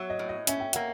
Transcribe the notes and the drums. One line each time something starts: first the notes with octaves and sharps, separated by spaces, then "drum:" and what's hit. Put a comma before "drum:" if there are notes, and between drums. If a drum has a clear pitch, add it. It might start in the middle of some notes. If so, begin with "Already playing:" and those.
Already playing: F#3 C#5 E5
D#5
A2
D#5
C#4 E5, drum: hi-hat
G5
A#3 F#5, drum: hi-hat